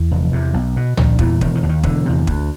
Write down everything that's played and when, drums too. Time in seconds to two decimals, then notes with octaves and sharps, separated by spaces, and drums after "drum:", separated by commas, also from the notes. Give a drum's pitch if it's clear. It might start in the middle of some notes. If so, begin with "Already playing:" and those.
Already playing: E2
0.11 F1
0.32 E2 C3
0.54 B1
0.76 B2
0.97 A#1 D#3, drum: tom
1.19 E2 A#2 E3, drum: kick
1.41 E1 D#3, drum: kick
1.55 D#3
1.63 D#2 D3
1.69 D#3
1.83 E1 D3, drum: kick
2.06 E2 C3
2.27 D2, drum: kick